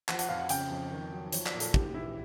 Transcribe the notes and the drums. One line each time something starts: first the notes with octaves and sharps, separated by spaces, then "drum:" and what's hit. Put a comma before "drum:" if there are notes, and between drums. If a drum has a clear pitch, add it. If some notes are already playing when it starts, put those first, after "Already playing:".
F3 F#5, drum: clap
F#5, drum: hi-hat
F2 F5
F#5
C#3 G5, drum: hi-hat
F2
D#3
F#3
F3 C#5, drum: hi-hat
D5, drum: clap
A#2
A4, drum: hi-hat
G#2 G4, drum: kick
E3 E4